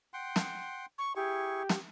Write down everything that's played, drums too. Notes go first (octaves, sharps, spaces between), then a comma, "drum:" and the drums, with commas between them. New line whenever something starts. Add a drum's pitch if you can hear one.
F#5 G5 C6
drum: snare
C#6
E4 G4 G#4 C#6
drum: snare